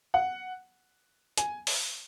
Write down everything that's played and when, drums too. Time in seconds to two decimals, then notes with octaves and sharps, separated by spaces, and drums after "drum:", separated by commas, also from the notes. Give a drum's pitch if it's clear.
0.14 F#5
1.37 G#5, drum: hi-hat
1.67 drum: open hi-hat